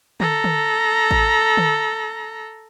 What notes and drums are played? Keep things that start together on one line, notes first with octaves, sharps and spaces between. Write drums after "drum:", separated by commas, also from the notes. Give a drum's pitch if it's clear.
A4 A#5, drum: tom D3
drum: tom D3
drum: kick A1
drum: tom D3